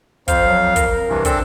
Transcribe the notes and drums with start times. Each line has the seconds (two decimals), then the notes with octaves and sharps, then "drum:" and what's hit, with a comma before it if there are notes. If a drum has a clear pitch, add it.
0.28 F2 C5 F5, drum: kick, hi-hat
0.47 F#3
0.76 A#4, drum: kick, hi-hat
1.09 G2 C3 E3
1.25 C4 D4 A4, drum: kick, hi-hat